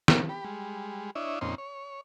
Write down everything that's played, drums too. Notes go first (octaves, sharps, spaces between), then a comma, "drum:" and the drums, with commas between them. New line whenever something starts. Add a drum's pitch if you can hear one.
A#2 A#3, drum: snare
G4 B5
G3 G#3
D4 E4 C#5 D#5 E5
F2 A#2 C4 C#4 D#4 C6
C#5